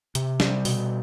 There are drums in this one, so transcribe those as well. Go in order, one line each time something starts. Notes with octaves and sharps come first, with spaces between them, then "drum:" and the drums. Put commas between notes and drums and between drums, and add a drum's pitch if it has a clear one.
C3, drum: hi-hat
G3, drum: snare
B2, drum: open hi-hat